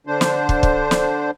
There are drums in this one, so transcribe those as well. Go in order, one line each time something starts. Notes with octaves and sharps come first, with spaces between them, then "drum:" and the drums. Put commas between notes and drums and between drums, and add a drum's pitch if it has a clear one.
D3 D4 C5
drum: snare
drum: kick
drum: kick
drum: snare